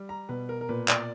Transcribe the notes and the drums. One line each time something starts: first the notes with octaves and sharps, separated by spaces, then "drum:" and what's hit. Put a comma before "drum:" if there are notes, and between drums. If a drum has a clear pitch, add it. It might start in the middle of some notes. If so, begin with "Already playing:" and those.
Already playing: G3
A#5
B2 B4
A#4
A#4
A#2 B4
D5, drum: clap